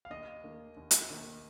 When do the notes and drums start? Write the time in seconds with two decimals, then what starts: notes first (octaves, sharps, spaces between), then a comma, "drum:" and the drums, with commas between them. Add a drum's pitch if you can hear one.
0.05 F5
0.10 D#2 D#5
0.44 D#3 A#3
0.77 D#2
0.91 drum: hi-hat
1.10 D#3 A#3